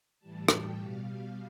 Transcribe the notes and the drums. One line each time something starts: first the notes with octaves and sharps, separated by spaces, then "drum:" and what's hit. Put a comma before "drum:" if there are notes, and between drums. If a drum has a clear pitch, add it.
A2 E3 G3 A5
G5, drum: rim click
B2 G3 F5
F5